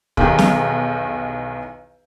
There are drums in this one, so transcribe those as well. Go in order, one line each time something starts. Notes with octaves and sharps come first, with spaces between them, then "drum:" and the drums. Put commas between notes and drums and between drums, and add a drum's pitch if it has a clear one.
B1 E2 D#3 G4, drum: kick
drum: snare